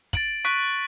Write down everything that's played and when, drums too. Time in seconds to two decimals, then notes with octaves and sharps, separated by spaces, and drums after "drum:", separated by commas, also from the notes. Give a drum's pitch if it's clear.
0.13 A6 D7 F#7, drum: kick, hi-hat
0.44 C#6 F#6 B6 D7, drum: hi-hat